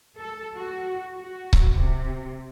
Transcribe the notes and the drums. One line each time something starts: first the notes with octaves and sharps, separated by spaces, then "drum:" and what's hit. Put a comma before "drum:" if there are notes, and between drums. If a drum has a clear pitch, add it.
A4
F#4
F#4
drum: kick C#1
C3